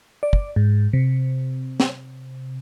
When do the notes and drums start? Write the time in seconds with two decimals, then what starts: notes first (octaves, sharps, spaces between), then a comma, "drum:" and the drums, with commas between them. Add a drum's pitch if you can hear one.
0.23 D5
0.33 drum: kick
0.56 G#2
0.93 C3
1.80 drum: snare